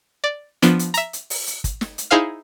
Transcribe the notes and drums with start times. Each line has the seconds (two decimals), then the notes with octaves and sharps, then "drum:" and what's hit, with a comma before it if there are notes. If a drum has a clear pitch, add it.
0.24 D5
0.62 F3 B3 D4, drum: hi-hat
0.79 drum: hi-hat
0.94 E5 A#5, drum: hi-hat
1.13 drum: hi-hat
1.30 drum: open hi-hat
1.47 drum: hi-hat
1.64 drum: kick, hi-hat
1.81 drum: snare
1.98 drum: hi-hat
2.11 D#4 E4 G#4 C5 F5 F6